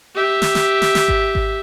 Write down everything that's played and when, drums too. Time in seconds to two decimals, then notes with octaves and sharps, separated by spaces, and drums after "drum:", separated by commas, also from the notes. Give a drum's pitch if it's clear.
0.15 G4 E5
0.42 drum: snare
0.55 drum: snare
0.82 drum: snare
0.95 drum: snare
1.08 drum: kick G#1
1.35 drum: kick G#1